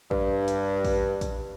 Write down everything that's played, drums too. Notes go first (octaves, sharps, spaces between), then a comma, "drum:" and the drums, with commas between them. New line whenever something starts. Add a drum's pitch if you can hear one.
G2, drum: kick A1
drum: hi-hat
drum: kick A1, open hi-hat
drum: kick A1, hi-hat